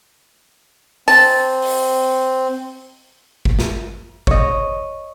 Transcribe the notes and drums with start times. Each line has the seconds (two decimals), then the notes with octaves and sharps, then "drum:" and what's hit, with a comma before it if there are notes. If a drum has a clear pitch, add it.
1.08 C4 A5, drum: open hi-hat
1.62 drum: open hi-hat
3.45 drum: kick G1
3.59 drum: snare
4.27 C#5 D#5, drum: kick G1